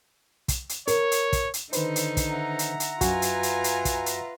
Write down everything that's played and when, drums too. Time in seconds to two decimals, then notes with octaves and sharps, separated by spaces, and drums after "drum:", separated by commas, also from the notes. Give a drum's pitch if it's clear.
0.48 drum: kick, hi-hat
0.69 drum: hi-hat
0.88 A#4 C#5, drum: hi-hat
1.12 drum: hi-hat
1.33 drum: kick, hi-hat
1.54 drum: hi-hat
1.73 D3 D#3 D#4 B4 C5, drum: hi-hat
1.96 drum: hi-hat
2.17 drum: kick, hi-hat
2.29 E5 F#5 A#5
2.59 drum: hi-hat
2.80 drum: hi-hat
3.01 F#2 F4 F#4 B4 G#5, drum: kick, hi-hat
3.22 drum: hi-hat
3.43 drum: hi-hat
3.64 drum: hi-hat
3.85 drum: kick, hi-hat
4.06 drum: hi-hat